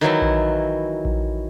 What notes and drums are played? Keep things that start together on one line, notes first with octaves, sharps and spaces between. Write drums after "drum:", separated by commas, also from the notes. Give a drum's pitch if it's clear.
D#3 E3 F#3 E4
drum: kick A#1
drum: kick A#1